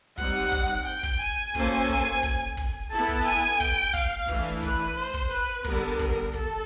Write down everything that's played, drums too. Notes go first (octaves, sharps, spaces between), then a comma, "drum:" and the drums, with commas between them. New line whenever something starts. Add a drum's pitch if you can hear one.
G3 C4 D#4 F#5, drum: kick, hi-hat
drum: kick, hi-hat
G5, drum: hi-hat
drum: kick
G#5, drum: hi-hat
A#3 C#4 F#4 A4 C5, drum: kick, open hi-hat
drum: kick
drum: kick, hi-hat
drum: kick, hi-hat
B3 E4 A4 A5, drum: hi-hat
drum: kick
G#5, drum: hi-hat
G5, drum: kick, open hi-hat
F5, drum: kick, hi-hat
E3 A3 D4, drum: kick, hi-hat
B4, drum: kick, hi-hat
C5, drum: hi-hat
drum: kick
B4
D3 G3 B3 A#4, drum: kick, open hi-hat
drum: kick, hi-hat
A4, drum: kick, hi-hat